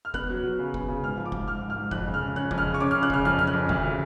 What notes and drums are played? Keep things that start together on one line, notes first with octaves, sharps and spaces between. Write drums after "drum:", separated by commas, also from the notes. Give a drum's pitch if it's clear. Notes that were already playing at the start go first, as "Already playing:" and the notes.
F6
B3 F#6, drum: kick
F#3
F#3
C#3
B3, drum: kick
C#3
G#2 F6
F3
D6
G#2, drum: kick
G#2 F6
G#2
F6
G#2
F2 F#6, drum: kick
C#3
F6
C#3
C#4 F#6
F2, drum: kick
F6
C#3
C#6
C#4 D6
C#3 F6
F#6
C#3 F6, drum: kick
F2 F6
C#4 F6
F#6
F2
D2, drum: kick
C#3